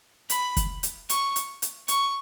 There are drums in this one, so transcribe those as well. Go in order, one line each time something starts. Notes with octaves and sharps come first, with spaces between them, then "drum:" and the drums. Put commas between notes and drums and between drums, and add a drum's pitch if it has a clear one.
B5, drum: hi-hat
drum: kick, hi-hat
drum: hi-hat
C#6, drum: hi-hat
drum: hi-hat
drum: hi-hat
C#6, drum: hi-hat